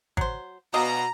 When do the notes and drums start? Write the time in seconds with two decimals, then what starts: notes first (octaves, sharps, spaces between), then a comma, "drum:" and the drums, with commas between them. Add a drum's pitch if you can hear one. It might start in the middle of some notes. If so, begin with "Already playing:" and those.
0.17 F#3 C5, drum: kick G#1
0.74 B2 D5 D#5 F5 A#5